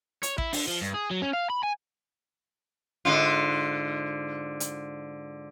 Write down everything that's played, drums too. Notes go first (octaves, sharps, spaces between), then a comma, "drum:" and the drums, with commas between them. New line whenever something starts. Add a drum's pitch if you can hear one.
C#5, drum: hi-hat
E4, drum: kick A1
D3, drum: open hi-hat
F3
G2
G#4
F#3
C#4
F5
B5
G#5
G#2 D3 F4
drum: hi-hat